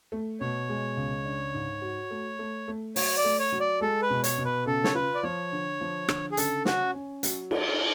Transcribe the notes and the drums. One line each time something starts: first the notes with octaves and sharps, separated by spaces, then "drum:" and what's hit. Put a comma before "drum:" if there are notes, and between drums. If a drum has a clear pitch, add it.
A3
B2 C#5
G#3
C#2
D4
G#2
F#4
A3
A3
A3
F#3 C#5, drum: open hi-hat
D5
A3
C#5
F#3
D5
G#3 A4
B4
B2
C#5, drum: hi-hat
B2
B4
C#3 A4
C#5, drum: snare
F4 B4
D5
F3 C#5
D3
F3
D3, drum: rim click
G#4
C#3 A4, drum: hi-hat
C#4 F#4, drum: snare
C#4
F#3, drum: hi-hat
F4, drum: cymbal